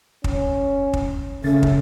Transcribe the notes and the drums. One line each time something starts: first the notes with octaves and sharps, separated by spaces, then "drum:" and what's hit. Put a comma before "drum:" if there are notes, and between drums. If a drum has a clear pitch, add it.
C#4, drum: kick
drum: kick
C#3 A3 C#4 A6
drum: kick